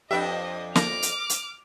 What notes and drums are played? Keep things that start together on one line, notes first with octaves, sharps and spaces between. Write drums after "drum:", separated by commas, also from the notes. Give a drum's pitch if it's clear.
F2 D4 G4 B4 D#5 E5 G5
A#3 A4 D6 F6 A#6, drum: snare
drum: hi-hat
drum: hi-hat